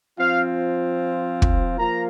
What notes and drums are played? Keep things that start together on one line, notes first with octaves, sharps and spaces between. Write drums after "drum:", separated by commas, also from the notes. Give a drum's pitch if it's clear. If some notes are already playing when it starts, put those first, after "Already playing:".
F3 C4 F4 F5
drum: kick
F3 A#3 F4 A#5